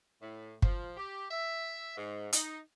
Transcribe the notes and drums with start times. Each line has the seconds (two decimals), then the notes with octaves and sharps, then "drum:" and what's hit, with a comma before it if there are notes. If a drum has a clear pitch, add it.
0.21 A2
0.62 F3, drum: kick
0.97 G4
1.30 E5
1.97 G#2
2.33 D#4, drum: hi-hat